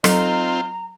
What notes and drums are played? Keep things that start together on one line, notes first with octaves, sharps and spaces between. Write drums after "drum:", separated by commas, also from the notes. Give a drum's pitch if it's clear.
F#3 C4 D#4 F4 A4 A#5, drum: rim click